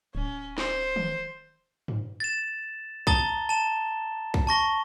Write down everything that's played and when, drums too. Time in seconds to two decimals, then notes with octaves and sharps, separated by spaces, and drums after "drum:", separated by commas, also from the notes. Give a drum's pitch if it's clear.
0.15 D1 C#4
0.58 C5, drum: snare
0.96 drum: tom D#3
1.88 drum: tom G2
2.20 A6 E7
3.07 A5 A#5 D#6 A6 G7, drum: kick
3.49 A5 E7
4.34 drum: kick
4.47 A5 C#6 A#6 G7